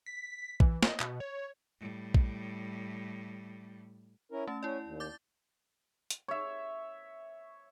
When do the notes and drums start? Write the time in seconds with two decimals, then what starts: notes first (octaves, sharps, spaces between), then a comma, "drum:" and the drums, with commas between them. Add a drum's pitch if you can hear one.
0.06 B6
0.60 E3, drum: kick
0.83 D#5, drum: snare
1.00 B2, drum: clap
1.20 C#5
1.79 A2 G3
2.14 drum: kick
4.32 C#4 E4 A#4
4.47 A3 C#4 A5
4.63 C#4 E4 D5
4.84 D#2
5.00 D6 G6 A6
6.10 drum: hi-hat
6.28 C#5 E5